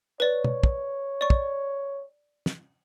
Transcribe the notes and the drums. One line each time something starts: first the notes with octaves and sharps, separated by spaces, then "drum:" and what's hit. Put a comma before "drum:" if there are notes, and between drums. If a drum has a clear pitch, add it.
B4 C#5 D5
drum: tom B2
drum: kick
D5 C#6
drum: kick
drum: snare